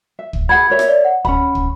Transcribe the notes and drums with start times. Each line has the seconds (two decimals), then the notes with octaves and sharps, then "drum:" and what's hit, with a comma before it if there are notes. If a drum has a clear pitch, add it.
0.19 E5
0.33 drum: kick
0.49 G#4 F#5 B5 G#6
0.70 A#4 C#5 E5
0.79 drum: rim click
0.88 D5
1.05 F#5
1.25 C#4 B5, drum: kick
1.55 drum: kick